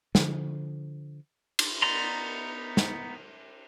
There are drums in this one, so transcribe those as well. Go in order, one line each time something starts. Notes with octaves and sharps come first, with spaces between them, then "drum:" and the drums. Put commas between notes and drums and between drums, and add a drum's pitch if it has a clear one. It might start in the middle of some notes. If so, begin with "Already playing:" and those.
D3 F3, drum: snare
drum: cymbal
B3 D#4 D5 A#5 C6
drum: snare